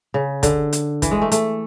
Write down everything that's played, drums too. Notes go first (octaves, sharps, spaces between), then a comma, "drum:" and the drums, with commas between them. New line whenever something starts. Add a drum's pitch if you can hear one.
C#3
D3, drum: kick, hi-hat
drum: hi-hat
E3, drum: kick, hi-hat
G#3
A3
A3, drum: hi-hat